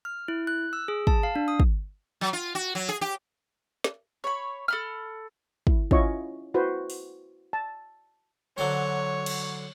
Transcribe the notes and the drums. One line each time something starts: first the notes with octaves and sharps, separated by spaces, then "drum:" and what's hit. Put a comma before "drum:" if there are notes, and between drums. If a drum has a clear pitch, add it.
F6
E4
F#6
E6
G#4
A5, drum: kick
F5
D4
D#6
drum: kick
F#3
F4
F#4
F#3
G#4
G4
drum: snare
C#5 B5
A4 B5 F6
E4, drum: kick
C#4 E4 F4 C#5 D#5 C#6, drum: kick
E4 F#4 B4 C5
drum: open hi-hat
A5
D3 F#3 C5 C#5
drum: cymbal